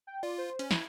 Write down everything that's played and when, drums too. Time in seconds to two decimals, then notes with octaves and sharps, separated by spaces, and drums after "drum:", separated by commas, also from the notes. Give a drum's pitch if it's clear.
0.07 G5
0.23 F4 D5
0.38 C5
0.59 C#4, drum: hi-hat
0.71 E4 G#6, drum: snare